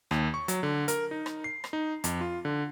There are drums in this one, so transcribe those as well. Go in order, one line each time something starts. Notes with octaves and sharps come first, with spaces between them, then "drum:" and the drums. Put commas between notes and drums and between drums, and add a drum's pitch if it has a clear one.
D#2, drum: rim click
C#6
F#3, drum: hi-hat
D3
A#4, drum: hi-hat
D#4
drum: rim click
C7
drum: rim click
D#4
F2, drum: hi-hat
F4
D3